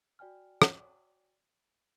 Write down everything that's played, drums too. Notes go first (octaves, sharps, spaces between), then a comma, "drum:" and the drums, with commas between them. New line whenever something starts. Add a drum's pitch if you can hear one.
F#4 D5 G5 G#5 F6
drum: rim click